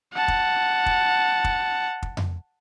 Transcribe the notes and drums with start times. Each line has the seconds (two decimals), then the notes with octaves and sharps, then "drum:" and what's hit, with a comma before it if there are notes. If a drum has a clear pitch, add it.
0.14 F#5 A5
0.28 drum: kick
0.86 drum: kick
1.44 drum: kick
2.03 drum: kick
2.17 drum: tom F2